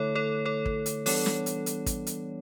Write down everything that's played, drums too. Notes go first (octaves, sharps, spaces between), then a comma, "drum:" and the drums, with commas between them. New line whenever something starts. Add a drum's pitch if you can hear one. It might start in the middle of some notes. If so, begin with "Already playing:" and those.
Already playing: D3 A3 E4 A4 C#5
A4 C#5
A4 C#5
drum: kick
drum: hi-hat
E3 G3 B3 D4 A4 C#5, drum: open hi-hat
drum: snare
drum: hi-hat
drum: hi-hat
drum: kick, hi-hat
drum: hi-hat